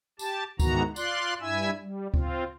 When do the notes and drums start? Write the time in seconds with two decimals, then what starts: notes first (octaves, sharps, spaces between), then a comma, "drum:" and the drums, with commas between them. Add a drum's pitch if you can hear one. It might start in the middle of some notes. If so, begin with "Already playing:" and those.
0.19 G4 A5, drum: tambourine
0.59 G#2 D#3 E3 B3 F#4 A#5, drum: kick D2, tambourine
0.96 F4 D5 C6 F#6, drum: tambourine
1.41 G2 E4 E5 G#5 E6
1.81 G3
2.14 C4 F4, drum: kick D2